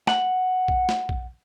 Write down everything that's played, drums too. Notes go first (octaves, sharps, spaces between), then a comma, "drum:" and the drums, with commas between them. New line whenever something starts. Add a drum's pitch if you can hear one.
F#5, drum: snare
drum: kick A#1
drum: snare
drum: kick A#1